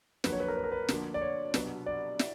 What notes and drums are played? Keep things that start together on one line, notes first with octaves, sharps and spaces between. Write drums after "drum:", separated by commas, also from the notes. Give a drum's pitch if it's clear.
F2 D3 F#3 A#3 B4, drum: snare
C#5
B4
A#4
B4
A#4
B4
D2 D3 F3 A#3 D4, drum: snare
D5
C#5
C2 B2 F#3 B3 D4, drum: snare
D5
E4, drum: snare